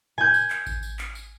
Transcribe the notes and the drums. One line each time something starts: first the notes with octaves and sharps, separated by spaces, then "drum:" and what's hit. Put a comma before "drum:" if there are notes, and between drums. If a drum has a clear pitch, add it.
G#5 G6, drum: tom A2
drum: tambourine
drum: clap
drum: kick A1, tambourine
drum: tambourine
drum: clap
drum: tambourine